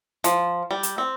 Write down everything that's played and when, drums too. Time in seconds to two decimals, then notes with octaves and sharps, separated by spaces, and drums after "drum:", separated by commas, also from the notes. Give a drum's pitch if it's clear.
0.24 F3, drum: hi-hat
0.71 G3
0.83 drum: hi-hat
0.98 C4